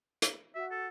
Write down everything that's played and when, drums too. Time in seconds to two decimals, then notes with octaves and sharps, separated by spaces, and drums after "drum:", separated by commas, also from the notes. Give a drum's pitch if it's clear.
0.22 drum: hi-hat
0.55 F#4 E5
0.72 A4